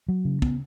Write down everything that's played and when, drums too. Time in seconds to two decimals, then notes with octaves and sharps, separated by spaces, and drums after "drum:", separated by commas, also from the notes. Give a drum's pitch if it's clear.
0.08 F#3
0.25 C#3
0.42 B3, drum: kick